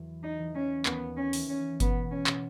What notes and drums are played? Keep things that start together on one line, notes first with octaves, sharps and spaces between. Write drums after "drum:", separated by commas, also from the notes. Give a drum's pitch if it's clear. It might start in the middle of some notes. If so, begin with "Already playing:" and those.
Already playing: E2 E3 F#3
D#4
E3
C#4
D#2 B3, drum: clap
C#4
E3, drum: open hi-hat
C#4
B2 B3, drum: kick G1, hi-hat
C#4
B2, drum: clap